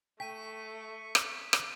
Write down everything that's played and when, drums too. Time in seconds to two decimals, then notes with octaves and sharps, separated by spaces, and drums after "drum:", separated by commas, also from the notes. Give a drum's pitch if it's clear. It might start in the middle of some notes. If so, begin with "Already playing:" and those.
0.20 A3 G5 C#6 B6 D#7
1.15 drum: rim click
1.53 drum: rim click